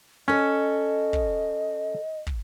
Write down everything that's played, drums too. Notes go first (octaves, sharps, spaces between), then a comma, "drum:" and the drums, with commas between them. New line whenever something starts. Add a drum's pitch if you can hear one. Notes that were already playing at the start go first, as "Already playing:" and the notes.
C#4 A4 C#5 D#5
drum: kick
drum: kick